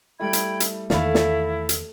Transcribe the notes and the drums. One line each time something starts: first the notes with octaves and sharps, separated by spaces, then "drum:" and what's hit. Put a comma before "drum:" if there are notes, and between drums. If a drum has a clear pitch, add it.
G3 A3 E4 G5 B5 G#6
drum: hi-hat
drum: hi-hat
E2 D#3 A3 A#3 E4 F5 B5, drum: snare
drum: snare
drum: hi-hat